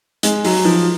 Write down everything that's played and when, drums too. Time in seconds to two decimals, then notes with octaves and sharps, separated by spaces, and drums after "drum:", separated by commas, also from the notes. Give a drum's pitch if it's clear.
0.23 G#3, drum: hi-hat
0.45 F#3, drum: open hi-hat
0.65 F3